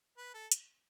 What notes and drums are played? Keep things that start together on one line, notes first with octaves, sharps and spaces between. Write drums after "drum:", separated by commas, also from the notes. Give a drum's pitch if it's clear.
B4
A4
drum: hi-hat